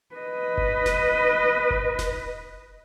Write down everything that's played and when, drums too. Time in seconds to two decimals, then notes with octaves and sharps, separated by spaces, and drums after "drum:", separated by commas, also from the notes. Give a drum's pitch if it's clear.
0.15 B4 D#5
0.58 drum: kick G1
0.86 drum: snare E1
1.70 drum: kick G1
1.99 drum: snare E1